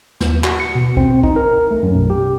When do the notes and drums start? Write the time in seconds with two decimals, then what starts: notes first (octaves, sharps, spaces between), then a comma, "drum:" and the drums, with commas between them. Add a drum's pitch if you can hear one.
0.21 D#2, drum: snare
0.44 F#4, drum: clap
0.60 C#7
0.75 B2
0.97 C4, drum: kick B1
1.23 D#4, drum: kick B1
1.36 A#4
1.71 A3
1.83 F#2
1.94 B1
2.10 G4